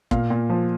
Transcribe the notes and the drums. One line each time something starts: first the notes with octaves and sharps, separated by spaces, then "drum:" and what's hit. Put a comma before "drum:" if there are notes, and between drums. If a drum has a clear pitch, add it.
A#2 F5, drum: kick
A#2
F3